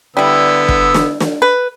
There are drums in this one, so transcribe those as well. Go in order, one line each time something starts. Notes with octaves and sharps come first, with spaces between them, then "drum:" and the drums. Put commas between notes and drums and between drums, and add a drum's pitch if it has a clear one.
D3 G3 B3 E4 E6
drum: kick
drum: snare
drum: snare
B4